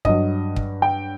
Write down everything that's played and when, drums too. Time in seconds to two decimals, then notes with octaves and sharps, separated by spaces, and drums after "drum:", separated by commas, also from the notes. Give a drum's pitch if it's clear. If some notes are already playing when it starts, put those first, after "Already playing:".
0.05 G2 F#3 D#5, drum: kick
0.56 drum: kick
0.82 G5